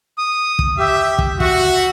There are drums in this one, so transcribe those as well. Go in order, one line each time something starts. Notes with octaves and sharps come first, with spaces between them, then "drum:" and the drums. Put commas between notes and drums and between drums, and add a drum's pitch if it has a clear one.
D#6
drum: kick
G4 E5
drum: kick
F#4 E5 C#6, drum: kick